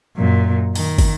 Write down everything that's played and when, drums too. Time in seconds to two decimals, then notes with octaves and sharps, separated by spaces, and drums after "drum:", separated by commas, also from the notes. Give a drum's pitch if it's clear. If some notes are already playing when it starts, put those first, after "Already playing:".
0.17 F#2 A#2
0.76 D#3, drum: open hi-hat
0.98 drum: kick, open hi-hat